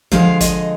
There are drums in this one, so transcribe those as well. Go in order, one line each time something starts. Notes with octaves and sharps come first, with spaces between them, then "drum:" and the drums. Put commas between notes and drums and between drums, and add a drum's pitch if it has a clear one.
D3 F3 G#3 F5, drum: snare
D#5, drum: kick, hi-hat